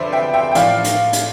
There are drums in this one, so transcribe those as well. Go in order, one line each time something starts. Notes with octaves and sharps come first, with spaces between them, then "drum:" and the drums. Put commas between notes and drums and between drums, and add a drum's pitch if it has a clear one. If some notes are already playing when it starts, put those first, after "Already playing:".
Already playing: F2 D3 F3 B4 C5 D5 E5
E5 G5
E5 G5
G5
A2 F3 D5 F5, drum: hi-hat
drum: hi-hat
drum: hi-hat